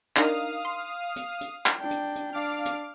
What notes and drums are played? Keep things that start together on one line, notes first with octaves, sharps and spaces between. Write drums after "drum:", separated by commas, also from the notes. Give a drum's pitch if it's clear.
D4 D#4 A#4 F5 D#6 F6, drum: clap
C6
drum: hi-hat
drum: hi-hat
drum: clap
D4 G5
drum: hi-hat
drum: hi-hat
D4 F5 D6 F6
drum: hi-hat